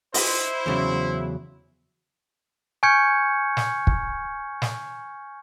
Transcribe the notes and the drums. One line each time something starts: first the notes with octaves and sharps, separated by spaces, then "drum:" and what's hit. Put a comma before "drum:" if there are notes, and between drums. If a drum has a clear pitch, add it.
E4 C5 D#5, drum: open hi-hat
E2 C#3 F#3
G#5 C#6 F6 G6 G#6 C#7
drum: snare
drum: kick
drum: snare